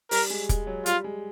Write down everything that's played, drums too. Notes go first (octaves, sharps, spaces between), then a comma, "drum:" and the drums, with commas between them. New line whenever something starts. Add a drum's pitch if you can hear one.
G3 A#4, drum: open hi-hat
G#3
G#3, drum: kick, hi-hat
F#3
G3 F4, drum: hi-hat
G#3